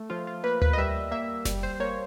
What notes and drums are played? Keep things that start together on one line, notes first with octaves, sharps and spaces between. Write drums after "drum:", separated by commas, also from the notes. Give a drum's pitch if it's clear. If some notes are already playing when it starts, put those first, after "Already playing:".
Already playing: A3
F3 F4
F4
A#3 B4
B4, drum: tom D2
D#5
G3 E5
A#3 E5
G3, drum: snare F#1
C5
A#3 C#5